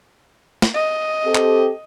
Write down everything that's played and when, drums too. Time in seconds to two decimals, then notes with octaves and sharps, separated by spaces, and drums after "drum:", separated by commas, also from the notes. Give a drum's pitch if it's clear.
0.62 drum: snare
0.74 D#5
1.25 C4 G4 A4
1.35 drum: clap